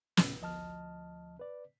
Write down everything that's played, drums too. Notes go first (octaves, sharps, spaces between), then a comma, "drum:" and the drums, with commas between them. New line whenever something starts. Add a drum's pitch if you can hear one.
D2 A2 C3 C#4, drum: snare
D2 F3 D#5 A5 F6
B4 D5